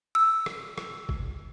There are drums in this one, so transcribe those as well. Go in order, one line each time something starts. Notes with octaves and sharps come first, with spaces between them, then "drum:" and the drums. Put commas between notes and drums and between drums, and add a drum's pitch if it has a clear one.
E6
drum: rim click
drum: rim click
drum: kick